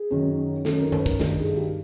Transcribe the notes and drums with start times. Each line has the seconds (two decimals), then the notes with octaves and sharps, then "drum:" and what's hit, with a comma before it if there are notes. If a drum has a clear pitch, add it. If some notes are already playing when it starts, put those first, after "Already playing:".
Already playing: G#4
0.11 F#2 D#3
0.65 F#2 D#3 A4, drum: snare
0.79 A#4
0.92 B4, drum: tom F#2
1.06 A#4, drum: kick
1.20 G2 D#3 A4, drum: snare
1.38 G#4
1.56 G4